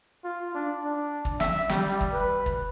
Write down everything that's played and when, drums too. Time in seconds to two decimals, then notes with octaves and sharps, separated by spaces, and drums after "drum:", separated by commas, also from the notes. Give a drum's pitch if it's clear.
0.24 F4
0.55 D4
0.85 D4
1.25 drum: kick
1.40 E5, drum: snare
1.69 G3, drum: snare
2.01 drum: kick
2.13 B4
2.46 drum: kick